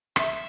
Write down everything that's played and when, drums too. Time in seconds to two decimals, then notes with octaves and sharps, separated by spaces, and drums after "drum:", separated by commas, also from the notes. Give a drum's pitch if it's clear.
0.16 E5, drum: rim click